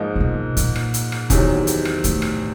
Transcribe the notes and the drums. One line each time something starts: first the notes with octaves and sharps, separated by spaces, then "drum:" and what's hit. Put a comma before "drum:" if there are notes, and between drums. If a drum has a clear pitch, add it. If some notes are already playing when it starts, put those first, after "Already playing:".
Already playing: G#2 F3 A#3 D#4
C3
B2
A#2, drum: hi-hat
drum: rim click
drum: hi-hat
drum: rim click
E2 C3 D#3 F#3, drum: kick, hi-hat
drum: hi-hat
drum: rim click
A2, drum: hi-hat
drum: rim click